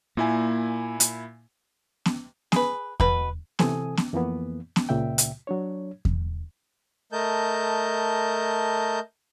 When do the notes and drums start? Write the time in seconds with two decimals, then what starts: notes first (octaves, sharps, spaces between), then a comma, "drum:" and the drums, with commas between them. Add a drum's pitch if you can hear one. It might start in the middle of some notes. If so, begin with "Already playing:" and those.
0.17 A#2 A#3 E4 G#5
1.00 drum: hi-hat
2.06 drum: snare B3
2.52 G#4 B4, drum: snare B3
3.00 B2 B4, drum: kick E2
3.59 C3 E3 C4 A4 G#5 D#6, drum: snare B3
3.97 drum: snare B3
4.13 F2 E3 A#3 B3
4.76 drum: snare B3
4.89 C#2 A#2 C#3 E5 G5
5.18 drum: hi-hat
5.47 F#3 D4 C#5
6.05 drum: kick E2
7.12 A3 A#4 D#5 A5 G6